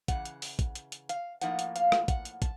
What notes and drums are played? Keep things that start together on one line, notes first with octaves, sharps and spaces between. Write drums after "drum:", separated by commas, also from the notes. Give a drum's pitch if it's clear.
C#3 E3 F#5, drum: kick, hi-hat
drum: hi-hat
drum: open hi-hat
drum: kick, hi-hat
drum: hi-hat
drum: hi-hat
F5, drum: hi-hat
A2 F3 A#3 D#4 F#5, drum: hi-hat
drum: hi-hat
F5, drum: hi-hat
drum: rim click
F#5, drum: kick, hi-hat
drum: hi-hat
A5, drum: kick, hi-hat